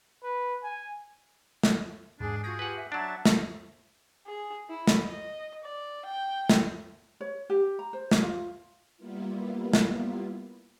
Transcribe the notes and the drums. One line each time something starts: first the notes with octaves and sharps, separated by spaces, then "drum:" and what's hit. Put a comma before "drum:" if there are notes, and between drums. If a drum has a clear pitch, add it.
B4
G#5
drum: snare
E2 G#2 D4 G#4
F4 F#4 G#4 C#6 G6 A#6 D7
F4 G4 B4 F#5 G#5
E5
F#3 D4 E5 F#5 A5
drum: snare
G#4
E4
drum: snare
D#5
D5
G5
drum: snare
C#5
G4
A#5
C5
drum: snare
F4
G3 A#3 B3 E4 F4
drum: snare